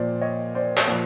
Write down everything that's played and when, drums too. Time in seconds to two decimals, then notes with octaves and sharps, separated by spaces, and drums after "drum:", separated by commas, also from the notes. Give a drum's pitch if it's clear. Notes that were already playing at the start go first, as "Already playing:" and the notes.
Already playing: A#2 F3 C5 D5
0.21 C#5 D#5
0.55 C5 D5
0.77 C#5, drum: clap
0.88 A#2 F3 C5 D5